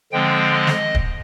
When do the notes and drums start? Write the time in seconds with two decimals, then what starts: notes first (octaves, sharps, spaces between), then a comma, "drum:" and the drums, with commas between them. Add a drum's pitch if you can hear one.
0.12 D3 F3 G#3 C4 G5
0.53 D#5
0.67 drum: snare
0.95 drum: kick